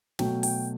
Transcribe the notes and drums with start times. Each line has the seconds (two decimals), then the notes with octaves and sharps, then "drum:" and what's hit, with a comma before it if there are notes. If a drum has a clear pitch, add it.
0.19 B2 F#3 A3 G5, drum: snare
0.43 G5, drum: open hi-hat